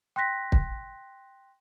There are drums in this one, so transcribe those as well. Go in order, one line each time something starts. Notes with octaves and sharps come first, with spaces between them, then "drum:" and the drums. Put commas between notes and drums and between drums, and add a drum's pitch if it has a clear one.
G5 C6 F#6 A#6 B6
drum: kick